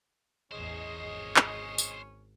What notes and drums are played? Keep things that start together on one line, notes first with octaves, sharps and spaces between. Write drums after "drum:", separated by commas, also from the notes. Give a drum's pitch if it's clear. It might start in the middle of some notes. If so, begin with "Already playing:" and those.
A1 E2 C#4 G#4 C5 C#5 D#5
G#1
drum: clap
drum: tambourine